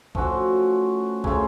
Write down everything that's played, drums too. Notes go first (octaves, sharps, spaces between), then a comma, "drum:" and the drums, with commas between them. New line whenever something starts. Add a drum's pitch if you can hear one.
F3 A3 C#4 F#4, drum: kick B1
C#3 A3 C#4 F4, drum: kick B1